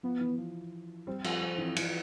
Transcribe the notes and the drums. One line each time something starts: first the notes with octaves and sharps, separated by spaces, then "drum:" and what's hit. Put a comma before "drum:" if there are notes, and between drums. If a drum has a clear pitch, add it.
F3 B3
E3
F3
G3 C4
F3, drum: cymbal
F3
E3
F3, drum: cymbal